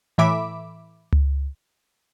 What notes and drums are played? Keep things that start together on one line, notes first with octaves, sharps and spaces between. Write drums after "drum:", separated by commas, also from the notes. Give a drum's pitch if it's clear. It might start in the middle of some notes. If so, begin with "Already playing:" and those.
A2 E3 E5 B5 D6
drum: tom C#2